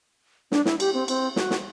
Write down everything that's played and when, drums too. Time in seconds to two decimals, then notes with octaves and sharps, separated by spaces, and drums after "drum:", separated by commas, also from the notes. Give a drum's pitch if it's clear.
0.52 D4, drum: snare
0.65 E4, drum: snare
0.80 G4, drum: cymbal
0.94 C4
1.08 C4, drum: cymbal
1.36 F#4, drum: snare
1.51 drum: snare